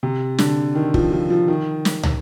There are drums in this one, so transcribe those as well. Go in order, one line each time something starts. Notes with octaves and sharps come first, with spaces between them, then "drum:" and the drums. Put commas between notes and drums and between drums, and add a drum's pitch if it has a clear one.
C3
D3, drum: snare
D#3
F3, drum: kick
F3
F3
D#3
drum: snare
drum: tom